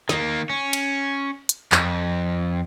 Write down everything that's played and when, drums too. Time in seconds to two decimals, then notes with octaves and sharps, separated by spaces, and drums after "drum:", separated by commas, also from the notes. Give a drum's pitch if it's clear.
0.09 D#3 A#3, drum: snare
0.50 C#4
0.73 drum: cymbal
1.49 drum: hi-hat
1.72 F2, drum: clap